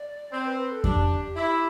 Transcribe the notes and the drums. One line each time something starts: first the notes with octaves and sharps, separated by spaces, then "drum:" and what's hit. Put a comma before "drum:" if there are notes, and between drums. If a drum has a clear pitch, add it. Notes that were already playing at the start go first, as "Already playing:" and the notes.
Already playing: D5
C4
B4
B4
A4
D4 G4, drum: kick F2
E4